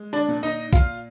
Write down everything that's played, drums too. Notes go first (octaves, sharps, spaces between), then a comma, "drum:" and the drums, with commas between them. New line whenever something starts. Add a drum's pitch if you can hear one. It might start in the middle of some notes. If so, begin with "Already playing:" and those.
Already playing: G#3
D4 D5
A#2
D#4 D#5
A#2 F4 F5, drum: kick